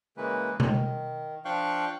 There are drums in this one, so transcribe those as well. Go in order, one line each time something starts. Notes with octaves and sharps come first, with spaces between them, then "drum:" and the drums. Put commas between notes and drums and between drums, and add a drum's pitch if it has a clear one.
C#3 E3 G#3 A#3 B4
D#3, drum: tom B2
F3 D4 F5 G5 C#6 F#6